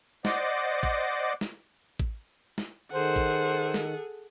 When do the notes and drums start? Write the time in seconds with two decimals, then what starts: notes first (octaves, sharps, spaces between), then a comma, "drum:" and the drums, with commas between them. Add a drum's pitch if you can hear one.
0.25 C5 D5 D#5 F#5 D6, drum: snare
0.83 drum: kick A1
1.41 drum: snare
2.00 drum: kick A1
2.58 drum: snare
2.92 D#3 G#4 A4 C5 F#5
3.16 drum: kick A1
3.74 drum: snare